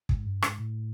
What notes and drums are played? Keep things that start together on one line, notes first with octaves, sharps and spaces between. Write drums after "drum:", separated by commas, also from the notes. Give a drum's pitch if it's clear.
G#2, drum: kick
G2
G#2, drum: rim click
A2